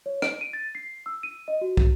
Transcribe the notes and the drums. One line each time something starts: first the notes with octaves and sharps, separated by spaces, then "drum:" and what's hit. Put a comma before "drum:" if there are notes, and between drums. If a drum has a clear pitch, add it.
C#5
D7, drum: rim click
D#7
A6
C7
E6
D#7
D#5
F#4
drum: kick